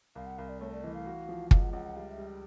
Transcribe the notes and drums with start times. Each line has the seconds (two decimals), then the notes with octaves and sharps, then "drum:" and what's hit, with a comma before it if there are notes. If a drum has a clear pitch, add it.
0.15 C2 F5
0.26 F#5
0.38 C2 F5
0.49 D5
0.61 A3 C#5
0.72 D5
0.83 E3 D#5
0.94 F5
1.06 F#4
1.29 F3
1.51 C#2 F5, drum: kick
1.62 F#5
1.73 C#2 F#5
1.85 F#5
1.96 G3 F5
2.10 E5
2.18 G3